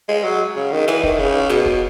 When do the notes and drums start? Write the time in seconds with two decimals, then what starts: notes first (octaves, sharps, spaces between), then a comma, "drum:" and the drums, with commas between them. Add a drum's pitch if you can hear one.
0.08 G#3
0.24 F#3
0.56 C#3
0.72 D#3
0.88 E3, drum: snare
1.03 D#3, drum: kick
1.18 C#3
1.49 B2, drum: snare
1.66 drum: kick